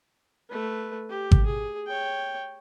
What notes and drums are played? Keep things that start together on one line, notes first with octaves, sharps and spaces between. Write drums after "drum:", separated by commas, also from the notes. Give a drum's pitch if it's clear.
A3 B4
G4
drum: kick G#1
G#4
C#5 G5